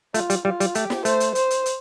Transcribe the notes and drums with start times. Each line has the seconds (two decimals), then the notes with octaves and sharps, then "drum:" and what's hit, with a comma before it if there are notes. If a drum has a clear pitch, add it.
0.14 A3 F4, drum: hi-hat
0.30 G3, drum: hi-hat
0.45 G3 F4
0.60 G3, drum: hi-hat
0.75 A3 G4, drum: hi-hat
0.90 drum: snare
1.05 A3 C5, drum: hi-hat
1.20 drum: hi-hat
1.35 C5, drum: hi-hat
1.50 drum: hi-hat
1.66 drum: hi-hat